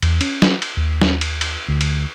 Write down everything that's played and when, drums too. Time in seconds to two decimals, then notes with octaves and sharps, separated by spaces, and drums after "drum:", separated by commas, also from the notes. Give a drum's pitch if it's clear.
0.02 E2, drum: cymbal
0.21 C#4, drum: cymbal
0.42 drum: snare
0.62 drum: cymbal
0.77 D#2
1.01 drum: snare
1.21 drum: cymbal
1.41 drum: cymbal
1.68 D2
1.81 drum: cymbal